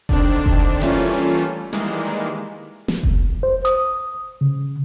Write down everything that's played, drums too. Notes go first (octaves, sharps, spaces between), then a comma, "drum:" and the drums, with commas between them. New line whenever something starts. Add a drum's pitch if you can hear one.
D3 D#3 C4 D4, drum: kick F1
drum: kick F1
E3 G3 A3 A#3 C#4 F4, drum: hi-hat
D#3 E3 G3 G#3 A#3, drum: hi-hat
drum: snare
drum: kick F1
C5
D#6, drum: hi-hat
C#3